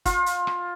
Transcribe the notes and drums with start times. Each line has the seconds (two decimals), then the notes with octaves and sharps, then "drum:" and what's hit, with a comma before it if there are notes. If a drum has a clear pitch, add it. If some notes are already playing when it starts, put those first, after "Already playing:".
0.05 F4, drum: kick, hi-hat
0.26 drum: hi-hat
0.47 drum: rim click